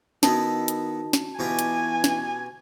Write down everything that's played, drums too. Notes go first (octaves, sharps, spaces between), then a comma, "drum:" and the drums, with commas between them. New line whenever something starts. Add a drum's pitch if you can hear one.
D#3 B3 D#4 E4 F#4 A5, drum: snare
drum: hi-hat
drum: snare
B2 E3 F4 G4 G#5
drum: hi-hat
drum: snare